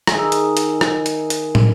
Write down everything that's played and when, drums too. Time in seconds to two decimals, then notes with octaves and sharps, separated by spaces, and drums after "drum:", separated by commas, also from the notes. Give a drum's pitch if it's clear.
0.07 D#3 G#4 E5, drum: rim click
0.32 drum: hi-hat
0.57 drum: hi-hat
0.81 drum: rim click
1.06 drum: hi-hat
1.30 drum: hi-hat
1.55 drum: tom